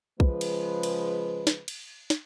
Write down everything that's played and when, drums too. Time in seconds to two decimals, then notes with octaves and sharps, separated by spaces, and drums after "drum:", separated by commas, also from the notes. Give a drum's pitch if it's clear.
0.20 C#3 F3 G#3 B4, drum: kick B1
0.41 drum: cymbal
0.83 drum: cymbal
1.47 drum: snare
1.68 drum: cymbal
2.10 drum: snare